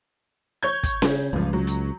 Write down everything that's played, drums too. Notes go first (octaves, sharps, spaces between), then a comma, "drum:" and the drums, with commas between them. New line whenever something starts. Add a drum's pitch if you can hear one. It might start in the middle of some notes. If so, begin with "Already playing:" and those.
C#5 G6 G#6
drum: kick, hi-hat
C#3, drum: snare C#4
G1 C#2 F3
F#3
drum: hi-hat